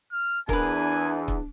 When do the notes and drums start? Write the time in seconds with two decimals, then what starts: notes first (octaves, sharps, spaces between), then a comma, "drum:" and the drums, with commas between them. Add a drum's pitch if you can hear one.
0.12 F6
0.49 E2 D4 A#4 B4 G#5, drum: kick
1.28 drum: kick